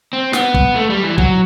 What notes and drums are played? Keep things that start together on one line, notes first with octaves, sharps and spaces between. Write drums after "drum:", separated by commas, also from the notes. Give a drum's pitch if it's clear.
C4
B3, drum: snare
drum: kick
A3
G3
E3
F#3, drum: kick